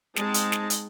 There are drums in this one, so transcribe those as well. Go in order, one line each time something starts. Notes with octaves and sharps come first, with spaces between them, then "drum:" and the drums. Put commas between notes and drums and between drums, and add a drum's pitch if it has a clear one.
G#3 C4 D#4 A5, drum: snare
drum: hi-hat
drum: snare
drum: hi-hat